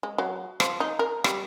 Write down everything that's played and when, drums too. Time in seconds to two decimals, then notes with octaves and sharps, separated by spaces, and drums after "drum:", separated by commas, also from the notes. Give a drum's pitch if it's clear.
0.03 G#3
0.18 F#3
0.60 F3, drum: rim click
0.80 D#4
0.99 A#4
1.24 G3, drum: rim click